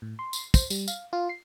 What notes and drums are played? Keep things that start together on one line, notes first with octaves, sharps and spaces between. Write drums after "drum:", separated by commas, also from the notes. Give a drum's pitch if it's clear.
A2
C6
drum: tambourine
C5, drum: kick, tambourine
G3, drum: tambourine
F5, drum: tambourine
F4
C7